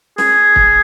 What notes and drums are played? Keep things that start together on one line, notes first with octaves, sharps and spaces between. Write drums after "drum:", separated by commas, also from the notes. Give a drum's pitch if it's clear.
G#4, drum: snare
drum: kick